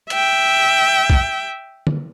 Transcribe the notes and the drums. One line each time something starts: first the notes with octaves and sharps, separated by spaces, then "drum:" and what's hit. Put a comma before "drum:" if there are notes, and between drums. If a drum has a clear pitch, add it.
E5 G5, drum: hi-hat
drum: kick
drum: tom